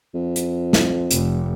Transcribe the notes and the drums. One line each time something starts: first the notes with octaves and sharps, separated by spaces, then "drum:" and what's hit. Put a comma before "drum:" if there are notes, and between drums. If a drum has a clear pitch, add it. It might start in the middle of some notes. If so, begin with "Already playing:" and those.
F2
drum: hi-hat
drum: snare
F1, drum: hi-hat